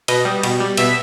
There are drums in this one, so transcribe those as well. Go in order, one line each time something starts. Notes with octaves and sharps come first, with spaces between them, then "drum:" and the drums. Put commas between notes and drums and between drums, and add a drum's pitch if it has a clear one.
B2 D#5, drum: cymbal
G3
B2, drum: cymbal
G3
B2 E5, drum: cymbal